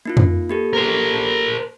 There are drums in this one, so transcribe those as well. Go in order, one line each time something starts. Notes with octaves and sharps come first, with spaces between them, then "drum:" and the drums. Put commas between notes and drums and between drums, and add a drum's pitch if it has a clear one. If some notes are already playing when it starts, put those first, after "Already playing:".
A#3 D#4 F4
drum: tom
A#3 G4 A4
A#4 C5